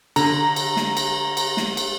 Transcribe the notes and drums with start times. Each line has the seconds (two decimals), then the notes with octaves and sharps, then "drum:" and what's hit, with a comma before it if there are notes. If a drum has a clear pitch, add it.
0.16 D3 A#5, drum: cymbal
0.56 drum: cymbal
0.77 drum: snare
0.97 drum: cymbal
1.37 drum: cymbal
1.57 drum: snare
1.77 drum: cymbal